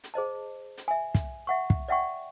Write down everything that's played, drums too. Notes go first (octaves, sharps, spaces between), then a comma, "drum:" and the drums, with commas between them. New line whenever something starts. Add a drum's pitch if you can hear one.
drum: hi-hat
G#4 C5 D#5 A5
drum: hi-hat
E5 G#5
drum: kick, hi-hat
E5 F#5 C#6
drum: kick
D5 E5 F#5 G5 C#6